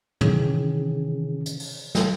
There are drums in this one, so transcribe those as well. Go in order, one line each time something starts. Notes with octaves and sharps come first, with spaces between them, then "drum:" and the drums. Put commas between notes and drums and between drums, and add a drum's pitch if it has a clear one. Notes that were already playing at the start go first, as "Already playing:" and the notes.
C3 D#3 E3 C#4 G#4, drum: tom
drum: hi-hat
drum: open hi-hat
drum: snare